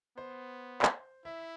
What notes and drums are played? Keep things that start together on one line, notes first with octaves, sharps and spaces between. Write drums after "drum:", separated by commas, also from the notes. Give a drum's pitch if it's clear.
B3 C5
drum: clap
E4 E5